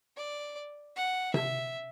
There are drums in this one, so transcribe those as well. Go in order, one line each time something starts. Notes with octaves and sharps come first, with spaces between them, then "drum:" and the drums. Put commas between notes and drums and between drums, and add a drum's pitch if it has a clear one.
D5
F#5
E5, drum: tom C3